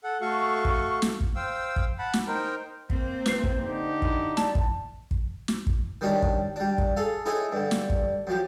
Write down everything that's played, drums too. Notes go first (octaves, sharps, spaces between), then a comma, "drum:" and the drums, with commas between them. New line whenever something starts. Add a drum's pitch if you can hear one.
A4 F#5
A3 F#4 A4 F5 C#6
drum: kick
drum: snare
drum: kick
C5 F5 G5 E6
drum: kick
F#5 A5 B5
drum: snare
D#4 A#4 C5 G5
A#3 C4 C5, drum: kick
B4 C7, drum: snare
drum: kick
D3 D#4 G4
E4, drum: kick
D5 A5, drum: snare
drum: kick
drum: kick
drum: snare
drum: kick
D#3 G3 C#4 D4
drum: kick
G3 D4
drum: kick
G#4 A4 F5
D#4 E4 G#4 A4 C#5 G#5
G2 D3
drum: snare
drum: kick
F#2 F3 G4